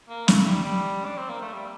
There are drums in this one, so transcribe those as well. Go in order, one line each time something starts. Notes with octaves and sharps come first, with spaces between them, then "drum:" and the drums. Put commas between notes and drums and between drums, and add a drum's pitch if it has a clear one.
A#3
A3, drum: snare
G3
G3
D4
C4
A#3
A3
G3